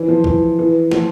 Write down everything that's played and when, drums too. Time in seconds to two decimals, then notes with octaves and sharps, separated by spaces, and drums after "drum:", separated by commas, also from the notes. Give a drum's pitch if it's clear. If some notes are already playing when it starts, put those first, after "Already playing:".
Already playing: E3
0.08 F3
0.24 E3, drum: kick C#2
0.59 E3
0.91 F3, drum: snare